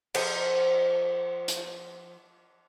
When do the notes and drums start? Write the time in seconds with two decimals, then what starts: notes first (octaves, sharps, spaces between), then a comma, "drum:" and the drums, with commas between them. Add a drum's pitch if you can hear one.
0.14 F3 C5 G#5, drum: cymbal
1.48 drum: hi-hat